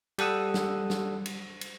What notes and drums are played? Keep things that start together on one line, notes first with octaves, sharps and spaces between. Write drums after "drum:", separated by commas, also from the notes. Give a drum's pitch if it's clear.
G3 A4 F#5 D#6 E6, drum: cymbal
drum: snare
drum: snare
drum: cymbal
drum: cymbal